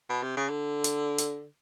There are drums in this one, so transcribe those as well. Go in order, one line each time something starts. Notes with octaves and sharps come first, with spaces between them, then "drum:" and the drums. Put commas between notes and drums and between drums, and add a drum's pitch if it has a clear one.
B2
C3
C#3
D3
drum: hi-hat
drum: hi-hat